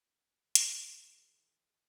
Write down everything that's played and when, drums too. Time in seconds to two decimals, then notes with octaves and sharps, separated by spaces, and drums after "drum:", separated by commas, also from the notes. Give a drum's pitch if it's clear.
0.55 D#3 E3 G#4, drum: hi-hat